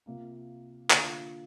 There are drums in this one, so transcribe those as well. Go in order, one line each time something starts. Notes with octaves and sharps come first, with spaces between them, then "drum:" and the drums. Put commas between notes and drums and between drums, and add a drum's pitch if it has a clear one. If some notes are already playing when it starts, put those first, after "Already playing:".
C3 A#3 F4
D3 A#3 F4, drum: clap